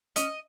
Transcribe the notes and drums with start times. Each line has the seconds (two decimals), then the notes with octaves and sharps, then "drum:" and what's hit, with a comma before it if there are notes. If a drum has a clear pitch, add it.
0.16 C#4 D#5, drum: hi-hat